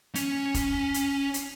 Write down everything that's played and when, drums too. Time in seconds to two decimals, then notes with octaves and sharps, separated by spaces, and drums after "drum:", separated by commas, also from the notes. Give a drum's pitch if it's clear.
0.15 C#4, drum: hi-hat
0.54 drum: kick F1, hi-hat
0.94 drum: hi-hat
1.34 drum: hi-hat